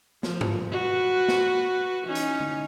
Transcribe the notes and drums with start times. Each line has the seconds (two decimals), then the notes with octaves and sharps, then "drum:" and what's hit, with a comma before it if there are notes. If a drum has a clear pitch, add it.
0.23 F3, drum: snare
0.41 drum: tom G2
0.71 F#4 B4
1.28 drum: snare
2.05 E3 C#4 D#4
2.15 drum: hi-hat
2.40 drum: tom D3